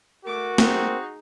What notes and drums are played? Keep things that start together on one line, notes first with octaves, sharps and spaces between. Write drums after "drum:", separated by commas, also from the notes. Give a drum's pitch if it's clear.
A3 F#4 A#4 D6
C4 D#4 G#4, drum: snare